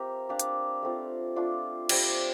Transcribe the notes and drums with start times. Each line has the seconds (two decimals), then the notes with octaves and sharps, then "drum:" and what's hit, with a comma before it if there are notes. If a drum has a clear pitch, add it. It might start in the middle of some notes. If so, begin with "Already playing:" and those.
Already playing: A#3 C4 G4 A#4 E5
0.29 D4 G4 D5 F5
0.39 drum: hi-hat
0.83 A3 C4 F4
1.36 A3 D4 F4
1.89 G3 C4 G4, drum: cymbal